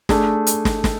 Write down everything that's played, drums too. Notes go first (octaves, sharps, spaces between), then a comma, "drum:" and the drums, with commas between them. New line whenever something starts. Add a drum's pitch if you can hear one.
A3 D4 G#4, drum: snare
drum: hi-hat
drum: snare
drum: snare